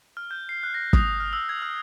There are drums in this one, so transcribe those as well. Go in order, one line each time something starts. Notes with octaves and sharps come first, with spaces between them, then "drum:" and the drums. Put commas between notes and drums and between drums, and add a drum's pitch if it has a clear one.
F6
G6
C7
F#6
A#6
D#6, drum: kick
F6
E6
G#6
F6